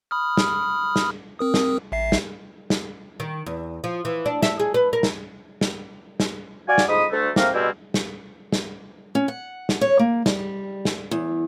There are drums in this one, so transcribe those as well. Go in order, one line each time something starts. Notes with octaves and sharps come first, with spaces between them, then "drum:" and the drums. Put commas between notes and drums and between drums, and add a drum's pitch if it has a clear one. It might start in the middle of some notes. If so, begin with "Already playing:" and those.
B5 D#6 F6
drum: snare
drum: snare
C4 A#4 D#6
drum: snare
A1 E5 C7
drum: snare
drum: snare
D#3
E2
F3
E3
D4
E5, drum: snare
G#4
B4
A#4
drum: snare
drum: snare
drum: snare
F#4 D5 F5 G#5
drum: snare
F2 G#2 D#5 B5 D#6
D2 A3
A3 A#3 C4 A#4, drum: snare
B2 G3 G#3 A#3 C4 E4
drum: snare
drum: snare
C#4
F#5
drum: snare
C#5
A#3
G3, drum: snare
drum: snare
E2